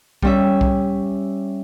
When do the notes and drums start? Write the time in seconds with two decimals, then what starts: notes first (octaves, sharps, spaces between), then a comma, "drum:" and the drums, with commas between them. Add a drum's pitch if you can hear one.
0.22 G3 C#4 E5, drum: kick B1
0.61 drum: kick B1